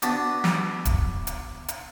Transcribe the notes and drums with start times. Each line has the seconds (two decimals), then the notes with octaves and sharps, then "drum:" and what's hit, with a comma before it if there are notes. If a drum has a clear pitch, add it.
0.02 B3 D4 F#4 B4, drum: hi-hat
0.44 drum: snare
0.85 drum: kick, hi-hat
1.27 drum: hi-hat
1.68 drum: hi-hat